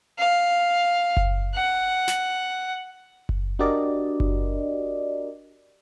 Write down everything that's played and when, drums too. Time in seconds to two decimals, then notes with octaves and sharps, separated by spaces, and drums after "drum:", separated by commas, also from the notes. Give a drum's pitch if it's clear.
0.19 F5
1.17 drum: kick F#1
1.55 F#5
2.08 drum: snare
3.29 drum: kick F#1
3.59 D4 F#4 G4 A#4 D5 D#5
4.20 drum: kick F#1